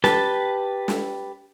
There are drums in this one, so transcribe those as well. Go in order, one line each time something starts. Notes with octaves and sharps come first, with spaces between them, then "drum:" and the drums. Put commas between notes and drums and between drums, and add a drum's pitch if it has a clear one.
G4 B4 A5, drum: snare
drum: snare